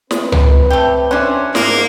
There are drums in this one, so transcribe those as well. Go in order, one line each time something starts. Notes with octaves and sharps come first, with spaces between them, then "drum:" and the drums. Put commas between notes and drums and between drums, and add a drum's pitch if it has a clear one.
C4 B4, drum: snare
drum: tom C#2
A3 G4
E3 C#4 D4 F#4 C5
G#2 A#3, drum: snare